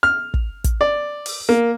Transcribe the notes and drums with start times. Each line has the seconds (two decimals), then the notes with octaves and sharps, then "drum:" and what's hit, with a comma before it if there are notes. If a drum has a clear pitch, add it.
0.03 F6
0.34 drum: kick
0.64 drum: kick, hi-hat
0.81 D5
1.26 drum: open hi-hat
1.49 A#3